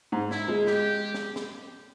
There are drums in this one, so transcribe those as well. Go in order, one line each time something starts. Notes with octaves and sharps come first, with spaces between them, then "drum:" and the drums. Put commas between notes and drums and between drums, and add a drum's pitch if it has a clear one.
G#2
E4, drum: snare
G#3
G4, drum: snare
drum: snare
drum: snare